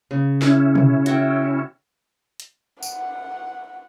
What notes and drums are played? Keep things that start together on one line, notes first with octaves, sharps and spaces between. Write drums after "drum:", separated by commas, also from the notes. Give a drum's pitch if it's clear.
C#3
C#4 E4, drum: snare
drum: tom
F#4 E5 G5, drum: hi-hat
drum: hi-hat
F#5, drum: tambourine